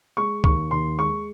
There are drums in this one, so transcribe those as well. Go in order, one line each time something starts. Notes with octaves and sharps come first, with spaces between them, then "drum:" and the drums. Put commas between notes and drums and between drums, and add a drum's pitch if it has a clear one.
G#3 C#6
D#2 C#6, drum: kick C#2
D#2 C6
G#3 C#6